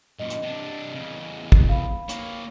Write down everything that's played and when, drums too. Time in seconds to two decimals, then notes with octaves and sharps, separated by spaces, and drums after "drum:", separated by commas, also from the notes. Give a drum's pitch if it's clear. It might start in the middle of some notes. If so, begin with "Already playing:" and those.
0.19 F#2 A#2 D#5
0.30 drum: hi-hat
0.43 C3 D4
0.95 E2 C#3
1.52 drum: kick
1.69 F5 B5
2.09 A#3 C#5, drum: hi-hat